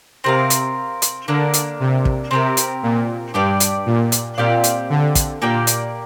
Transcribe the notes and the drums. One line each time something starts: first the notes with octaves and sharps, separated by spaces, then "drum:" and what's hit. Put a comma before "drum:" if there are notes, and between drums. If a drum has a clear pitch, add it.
C3 C4 A#4 F5
drum: hi-hat
drum: hi-hat
D3 A#3 D4 A#4
drum: hi-hat
C3
drum: kick
C3 C4 G4 A#4
drum: hi-hat
A#2
G2 D4 G4 D5
drum: hi-hat
A#2
drum: hi-hat
A#2 C4 G4 D5 F5
drum: hi-hat
D3
drum: kick, hi-hat
A#2 A#3 G4 D5 G5
drum: hi-hat